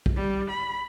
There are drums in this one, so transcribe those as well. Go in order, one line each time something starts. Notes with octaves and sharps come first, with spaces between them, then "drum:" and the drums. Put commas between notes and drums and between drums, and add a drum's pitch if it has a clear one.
drum: kick
G3
B5